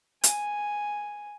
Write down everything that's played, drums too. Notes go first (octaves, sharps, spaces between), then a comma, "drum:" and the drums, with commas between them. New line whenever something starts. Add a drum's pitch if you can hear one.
G#5, drum: hi-hat